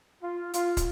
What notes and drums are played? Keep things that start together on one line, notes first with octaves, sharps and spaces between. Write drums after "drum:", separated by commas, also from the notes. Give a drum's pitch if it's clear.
F4
F4, drum: hi-hat
drum: kick, hi-hat